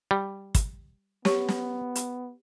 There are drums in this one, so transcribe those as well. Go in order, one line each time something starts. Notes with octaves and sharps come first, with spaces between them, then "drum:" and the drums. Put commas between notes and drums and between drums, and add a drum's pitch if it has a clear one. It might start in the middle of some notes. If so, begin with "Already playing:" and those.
G3
drum: kick, hi-hat
B3 G4 C#5 C#6, drum: snare
drum: snare
drum: hi-hat